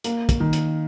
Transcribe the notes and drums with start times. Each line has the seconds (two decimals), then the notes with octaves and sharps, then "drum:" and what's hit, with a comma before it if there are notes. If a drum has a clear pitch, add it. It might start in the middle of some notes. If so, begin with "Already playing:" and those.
0.04 A#3, drum: hi-hat
0.29 drum: kick, hi-hat
0.40 D#3
0.53 drum: hi-hat